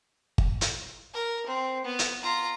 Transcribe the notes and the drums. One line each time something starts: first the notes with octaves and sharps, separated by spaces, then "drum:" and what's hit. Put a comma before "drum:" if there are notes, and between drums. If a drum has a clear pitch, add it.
drum: kick G1
drum: hi-hat
A#4
C4
B3
drum: hi-hat
F4 A#5